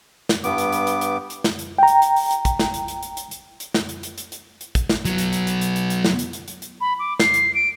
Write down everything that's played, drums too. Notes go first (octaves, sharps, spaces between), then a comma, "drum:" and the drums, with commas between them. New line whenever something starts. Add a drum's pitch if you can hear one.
drum: snare
G2 B3 D6, drum: hi-hat
drum: hi-hat
drum: hi-hat
drum: hi-hat
drum: hi-hat
drum: hi-hat
drum: snare
drum: hi-hat
G5 A#5
drum: hi-hat
drum: hi-hat
drum: open hi-hat
drum: hi-hat
drum: kick, hi-hat
drum: snare
drum: hi-hat
drum: hi-hat
drum: hi-hat
drum: hi-hat
drum: hi-hat
drum: hi-hat
drum: snare
drum: hi-hat
drum: hi-hat
drum: hi-hat
drum: hi-hat
drum: hi-hat
drum: kick, hi-hat
drum: snare
F#3 B3, drum: hi-hat
drum: hi-hat
drum: hi-hat
drum: hi-hat
drum: hi-hat
drum: hi-hat
drum: hi-hat
drum: snare
drum: hi-hat
drum: hi-hat
drum: hi-hat
drum: hi-hat
B5
D6
C7, drum: snare
drum: hi-hat
D7